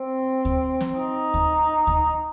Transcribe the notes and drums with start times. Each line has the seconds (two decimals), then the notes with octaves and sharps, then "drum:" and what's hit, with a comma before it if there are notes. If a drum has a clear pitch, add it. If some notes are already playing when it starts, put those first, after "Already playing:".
Already playing: C4
0.45 drum: kick D2
0.81 drum: snare
0.98 D#4
1.34 drum: kick D2
1.87 drum: kick D2